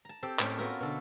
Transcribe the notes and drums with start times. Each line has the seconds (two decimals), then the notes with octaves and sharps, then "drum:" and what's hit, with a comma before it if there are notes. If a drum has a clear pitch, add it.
0.05 A5 A#5
0.23 C4 G4 A4 C5
0.39 A2 A3 C4 C#4 G4, drum: clap
0.58 B3 F4 F#4 A4 A#4
0.80 B2 D3 A4